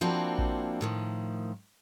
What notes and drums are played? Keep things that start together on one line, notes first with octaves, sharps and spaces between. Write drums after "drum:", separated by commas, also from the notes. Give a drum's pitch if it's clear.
F3 A#3 C4 D4 E4 F#4
drum: kick A1
A2 D#3 F3